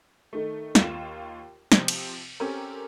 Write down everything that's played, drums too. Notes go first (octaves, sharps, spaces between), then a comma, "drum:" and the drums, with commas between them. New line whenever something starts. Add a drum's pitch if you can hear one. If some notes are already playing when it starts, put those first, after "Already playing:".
D#3 A3
D#2 F4 E7, drum: snare
C3 F3 C4, drum: snare
drum: cymbal
C4 C#4 G4 A4 A#4